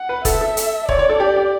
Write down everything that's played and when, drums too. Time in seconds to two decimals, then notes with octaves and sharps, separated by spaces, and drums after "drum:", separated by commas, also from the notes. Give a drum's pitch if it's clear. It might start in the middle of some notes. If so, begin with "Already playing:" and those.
Already playing: F#5
0.09 B4
0.25 A4 E5, drum: kick E1, hi-hat
0.41 A4
0.57 drum: hi-hat
0.89 C#5 D5, drum: kick E1
0.99 C#5
1.09 A4
1.20 G4
1.36 G4